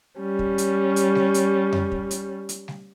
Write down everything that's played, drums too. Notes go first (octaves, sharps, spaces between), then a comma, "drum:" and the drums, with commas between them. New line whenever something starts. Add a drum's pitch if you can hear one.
G3 C#4
drum: kick
drum: hi-hat
drum: hi-hat
drum: snare G3
drum: hi-hat
drum: tom F2
drum: kick
drum: hi-hat
drum: hi-hat
drum: snare G3